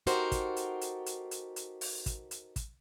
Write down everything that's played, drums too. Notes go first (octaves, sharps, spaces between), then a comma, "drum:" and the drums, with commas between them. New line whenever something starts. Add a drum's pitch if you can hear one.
D#4 F#4 G4 A4 A#4 C5, drum: hi-hat
drum: kick, hi-hat
drum: hi-hat
drum: hi-hat
drum: hi-hat
drum: hi-hat
drum: hi-hat
drum: open hi-hat
drum: kick, hi-hat
drum: hi-hat
drum: kick, hi-hat